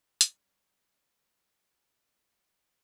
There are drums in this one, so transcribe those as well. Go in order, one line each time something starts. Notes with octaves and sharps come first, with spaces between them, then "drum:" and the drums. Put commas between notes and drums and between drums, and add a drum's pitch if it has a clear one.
F#3 G3 C#4, drum: hi-hat